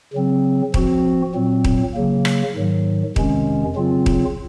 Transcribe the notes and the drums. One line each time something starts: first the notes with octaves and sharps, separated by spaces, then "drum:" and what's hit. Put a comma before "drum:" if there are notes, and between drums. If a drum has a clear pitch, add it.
C#3 F#3 C4
F3 C4 F#4, drum: kick D#1
A#2 F#3 C4
drum: kick D#1
C#3 F#3 A#3
drum: rim click
G#2 D#3 F#3
F2 C3 D#3 G#3 C#4, drum: kick D#1
C#3 F#3 C4 F4
drum: kick D#1